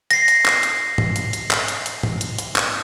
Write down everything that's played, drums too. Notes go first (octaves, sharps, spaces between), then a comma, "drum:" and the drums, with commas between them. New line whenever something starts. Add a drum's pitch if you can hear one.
A#6 C7, drum: hi-hat
drum: hi-hat
drum: clap
drum: hi-hat
drum: tom G#2
drum: hi-hat
drum: hi-hat
drum: clap
drum: hi-hat
drum: hi-hat
drum: tom G#2
drum: hi-hat
drum: hi-hat
drum: clap